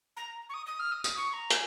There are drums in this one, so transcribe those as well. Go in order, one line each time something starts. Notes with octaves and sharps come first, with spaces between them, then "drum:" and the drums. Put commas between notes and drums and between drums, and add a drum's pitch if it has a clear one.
A#5
C#6
D#6
D#6
F6
D#6
D#6, drum: tambourine
C#6
A#5
G#5, drum: hi-hat